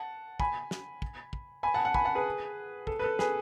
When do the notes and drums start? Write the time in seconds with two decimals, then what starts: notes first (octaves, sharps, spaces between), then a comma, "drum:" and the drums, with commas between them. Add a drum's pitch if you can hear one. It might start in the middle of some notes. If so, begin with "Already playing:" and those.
Already playing: F#5 A5
0.40 G#5 B5, drum: kick
0.71 drum: snare
1.02 drum: kick
1.33 drum: kick
1.63 G#5 B5
1.74 F#5 A5
1.85 F#5 A5
1.94 G#5 B5, drum: kick
2.05 F#5 A5
2.15 G#4 B4
2.87 A4, drum: kick
2.99 B4
3.03 A4
3.19 G#4 B4, drum: snare